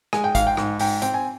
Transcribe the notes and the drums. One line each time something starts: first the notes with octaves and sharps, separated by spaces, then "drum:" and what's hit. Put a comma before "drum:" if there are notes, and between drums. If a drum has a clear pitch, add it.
G#3 G#5, drum: rim click
G5
G#2 F5, drum: kick, hi-hat
G5
G#2, drum: rim click
G#2 G5, drum: open hi-hat
C4 G5, drum: hi-hat
G#5